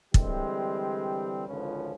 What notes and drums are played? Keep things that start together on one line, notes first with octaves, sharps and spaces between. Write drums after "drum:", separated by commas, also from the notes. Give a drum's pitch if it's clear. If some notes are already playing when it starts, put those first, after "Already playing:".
D3 E3 G3 G#3 C4 G4, drum: kick
G#1 C#2 D3 F3 C#4 B4